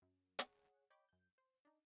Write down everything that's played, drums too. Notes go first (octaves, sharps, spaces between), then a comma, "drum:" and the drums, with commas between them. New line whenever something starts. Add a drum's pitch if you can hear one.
F#2
G#4 C#5 F#5, drum: hi-hat
C#5 D#5 G5 B5 D6 G6
F#2 G6
C5
D4 D#4